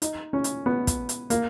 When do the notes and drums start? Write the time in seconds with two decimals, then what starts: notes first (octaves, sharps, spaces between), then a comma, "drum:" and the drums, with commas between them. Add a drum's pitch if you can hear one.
0.02 D#4, drum: hi-hat
0.33 C#4
0.44 drum: hi-hat
0.66 B3
0.87 drum: kick, hi-hat
1.09 drum: hi-hat
1.30 A#3, drum: hi-hat